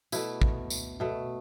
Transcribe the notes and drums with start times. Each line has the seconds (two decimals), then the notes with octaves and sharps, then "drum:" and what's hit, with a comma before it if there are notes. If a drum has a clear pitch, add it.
0.12 B2 A3 E4, drum: tambourine
0.42 drum: kick
0.70 drum: tambourine
1.00 B2 A3